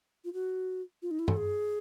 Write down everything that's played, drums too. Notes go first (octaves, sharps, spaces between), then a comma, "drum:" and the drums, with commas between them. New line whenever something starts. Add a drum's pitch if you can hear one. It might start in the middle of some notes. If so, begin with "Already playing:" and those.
F4
F#4
F4
D#4
E4
A4, drum: tom G2
G#4